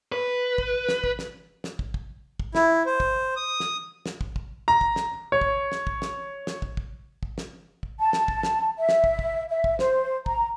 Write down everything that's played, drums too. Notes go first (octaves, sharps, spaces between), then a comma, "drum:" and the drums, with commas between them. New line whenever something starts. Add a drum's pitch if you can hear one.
B4
drum: kick
drum: snare
drum: kick
drum: snare
drum: snare
drum: kick
drum: kick
drum: kick
E4, drum: snare
C5
drum: kick
D#6
drum: snare
drum: snare
drum: kick
drum: kick
A#5
drum: kick
drum: snare
C#5
drum: kick
drum: snare
drum: kick
drum: snare
drum: snare
drum: kick
drum: kick
drum: kick
drum: snare
drum: kick
A5
drum: snare
drum: kick
drum: snare
E5
drum: snare
drum: kick
drum: kick
E5
drum: kick
C5, drum: snare
A#5, drum: kick